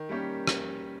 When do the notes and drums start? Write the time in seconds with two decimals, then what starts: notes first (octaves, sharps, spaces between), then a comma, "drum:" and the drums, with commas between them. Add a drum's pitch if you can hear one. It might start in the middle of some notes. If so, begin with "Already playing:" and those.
Already playing: D#3
0.09 G3 A#3 C#4 G4
0.47 drum: rim click